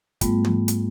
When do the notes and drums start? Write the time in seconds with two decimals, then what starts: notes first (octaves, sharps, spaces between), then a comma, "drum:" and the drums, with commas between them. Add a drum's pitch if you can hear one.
0.21 G#2 G3 A3 B3 F4, drum: kick, hi-hat
0.45 drum: tom
0.68 drum: hi-hat